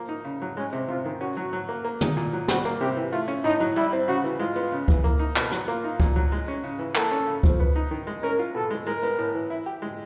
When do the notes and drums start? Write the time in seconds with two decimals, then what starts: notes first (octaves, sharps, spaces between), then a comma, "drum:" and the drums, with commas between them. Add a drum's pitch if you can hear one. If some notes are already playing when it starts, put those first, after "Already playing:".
Already playing: F3 A#3
0.09 D#4
0.25 C#3
0.42 F#3
0.57 G#3 C#4
0.73 C3
0.88 C3 F4
1.05 D#3
1.21 C#4 F#4
1.37 F#3
1.53 F#3
1.69 A#3
1.84 A#3
2.01 D#4, drum: tom
2.17 A#2
2.33 F#3
2.48 G3 F#4, drum: snare
2.65 A#3
2.81 C3 G4
2.97 E3
3.12 A3 F4
3.28 C#4
3.44 A2 D#4
3.60 F#3
3.76 G3 E4
3.93 C4
4.08 C#3 F#4
4.24 E3
4.39 G#3 F4
4.56 B3
4.72 C#3
4.88 E3, drum: kick C#2
5.04 A#3
5.19 D#4
5.36 B2, drum: clap
5.51 F#3, drum: rim click
5.68 A#3 F4
5.84 D#4
6.00 A#2, drum: kick C#2
6.16 F#3
6.32 G#3
6.48 C#4
6.63 C#3
6.79 E3
6.95 A#3 A4, drum: clap
7.11 C#4
7.27 C#3
7.43 F3, drum: kick C#2
7.60 B3
7.76 D#4
7.91 D#3
8.07 G#3
8.23 C#4 A#4
8.39 F4
8.55 B2 A4
8.71 G#3
8.87 G#3 A#4
9.03 B3
9.18 A2
9.35 E3
9.50 E4
9.66 G4
9.82 G#3